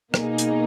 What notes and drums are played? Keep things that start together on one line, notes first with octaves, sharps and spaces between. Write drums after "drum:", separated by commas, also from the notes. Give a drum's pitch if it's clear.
B2 A#3 D#4 G#4, drum: rim click
drum: hi-hat